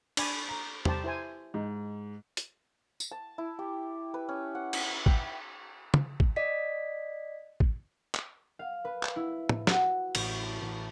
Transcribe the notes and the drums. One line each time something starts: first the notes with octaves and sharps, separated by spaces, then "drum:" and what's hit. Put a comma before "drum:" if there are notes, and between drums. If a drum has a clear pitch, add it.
D4 D5 G#5 B5, drum: cymbal
A#5
G4 C5 A5, drum: tom
E4 C5 G#5
G#2 D#4
drum: hi-hat
drum: tambourine
A5
E4
G4
B4
C#4
F#5
drum: cymbal
D6
G5, drum: kick
drum: tom
drum: kick
D5 D#5 B6
drum: kick
drum: clap
F5
B4
drum: clap
E4
drum: tom
F#4, drum: snare
A1, drum: cymbal
A5
A1